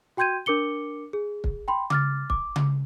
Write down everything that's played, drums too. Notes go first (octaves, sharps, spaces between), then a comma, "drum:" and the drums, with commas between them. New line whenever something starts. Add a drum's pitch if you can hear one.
F#4 G5 C6 G6 G#6 D#7
D4 A#4 D6 C#7 G7
G#4
drum: kick
G5 B5 C6
D6 F6 A6, drum: tom C#3
D6, drum: kick
drum: tom C#3